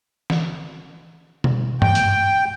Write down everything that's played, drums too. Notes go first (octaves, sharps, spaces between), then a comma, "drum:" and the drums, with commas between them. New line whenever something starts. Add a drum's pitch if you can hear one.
drum: snare E3
drum: tom B2
G5, drum: tom G2
drum: hi-hat